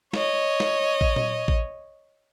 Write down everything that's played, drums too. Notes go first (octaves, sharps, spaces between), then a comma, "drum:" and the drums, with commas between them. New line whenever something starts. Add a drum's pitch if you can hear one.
C#5 D#5, drum: snare
drum: snare
drum: kick A1
drum: tom A#2
drum: kick A1